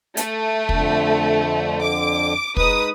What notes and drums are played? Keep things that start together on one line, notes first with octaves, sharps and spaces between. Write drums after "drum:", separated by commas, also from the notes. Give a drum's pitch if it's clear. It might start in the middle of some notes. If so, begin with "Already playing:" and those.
A3, drum: hi-hat
F2 D3, drum: kick
D6
G#3 D#4 B4 D#6, drum: kick